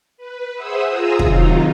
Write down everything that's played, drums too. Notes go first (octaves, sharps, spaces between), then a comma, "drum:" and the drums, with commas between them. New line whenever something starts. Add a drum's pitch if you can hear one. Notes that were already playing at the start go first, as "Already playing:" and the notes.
B4
G#4 C5 E5 F#5 D#6 E6
F4 G#4 A#5 D#6 E6
C3 D#3 F#3 D#4 F4, drum: kick